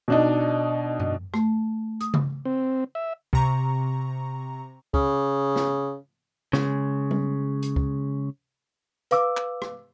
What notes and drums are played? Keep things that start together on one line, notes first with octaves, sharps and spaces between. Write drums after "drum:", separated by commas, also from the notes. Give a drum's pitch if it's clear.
B2 D4 D#4
drum: tom F#2
A3, drum: rim click
D#6, drum: hi-hat
drum: tom C#3
C4
E5
C3 A#5 C#6, drum: kick
C#3, drum: kick
drum: snare
C#3 G#3, drum: snare
drum: tom G3
drum: hi-hat
drum: kick
B4 F5 D6 E6, drum: hi-hat
drum: clap
drum: rim click